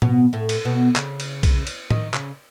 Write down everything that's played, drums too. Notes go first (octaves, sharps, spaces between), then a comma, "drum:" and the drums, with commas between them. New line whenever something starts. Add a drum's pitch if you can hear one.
B2 B3, drum: tom A2
A2 A3
drum: cymbal
B2 B3
C#3 C#4, drum: clap
drum: cymbal
drum: kick B1, cymbal
drum: cymbal
D#3 D#4, drum: tom A2
C#3 C#4, drum: clap